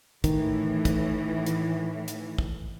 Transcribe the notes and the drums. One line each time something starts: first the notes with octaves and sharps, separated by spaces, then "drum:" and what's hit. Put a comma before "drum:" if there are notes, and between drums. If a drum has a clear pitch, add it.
A2 D#3 E3, drum: kick, hi-hat
drum: kick, hi-hat
drum: hi-hat
drum: hi-hat
drum: kick